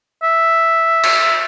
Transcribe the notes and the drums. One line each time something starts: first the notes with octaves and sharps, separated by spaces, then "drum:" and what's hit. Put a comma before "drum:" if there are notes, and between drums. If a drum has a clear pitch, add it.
E5
drum: cymbal